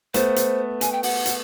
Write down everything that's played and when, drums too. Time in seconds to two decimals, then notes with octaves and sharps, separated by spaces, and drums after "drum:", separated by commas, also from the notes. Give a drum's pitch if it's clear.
0.14 A3 B3 C5, drum: hi-hat
0.36 drum: hi-hat
0.81 G#5, drum: hi-hat
0.92 G5
1.03 F#5, drum: open hi-hat
1.26 drum: hi-hat